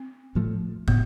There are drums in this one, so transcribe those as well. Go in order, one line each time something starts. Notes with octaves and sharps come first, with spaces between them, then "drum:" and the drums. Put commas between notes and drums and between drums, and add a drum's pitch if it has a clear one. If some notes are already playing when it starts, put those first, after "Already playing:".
Already playing: C4
A2 F3 A3
A2 B3, drum: kick